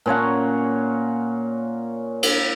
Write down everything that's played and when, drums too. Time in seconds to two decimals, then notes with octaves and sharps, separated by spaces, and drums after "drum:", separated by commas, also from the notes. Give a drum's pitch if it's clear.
0.06 A#2 C#4 C#5 F#5
2.23 drum: cymbal